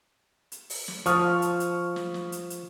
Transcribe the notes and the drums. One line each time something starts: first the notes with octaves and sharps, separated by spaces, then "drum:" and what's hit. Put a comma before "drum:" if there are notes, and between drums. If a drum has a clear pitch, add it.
drum: hi-hat
drum: open hi-hat
drum: snare
F3 C#6 D#6 F6, drum: hi-hat
drum: hi-hat
drum: hi-hat
drum: snare
drum: snare
drum: hi-hat
drum: hi-hat